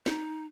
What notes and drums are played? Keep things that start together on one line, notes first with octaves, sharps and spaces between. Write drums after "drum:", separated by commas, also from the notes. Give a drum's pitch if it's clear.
D#4, drum: snare